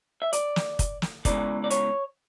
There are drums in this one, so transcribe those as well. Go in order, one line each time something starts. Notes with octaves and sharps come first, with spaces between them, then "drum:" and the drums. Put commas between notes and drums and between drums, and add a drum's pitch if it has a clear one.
E5
D5, drum: hi-hat
drum: snare
drum: kick, hi-hat
drum: snare
E2 C#3 E3 G#3 D5, drum: kick, hi-hat
D5
C#5, drum: hi-hat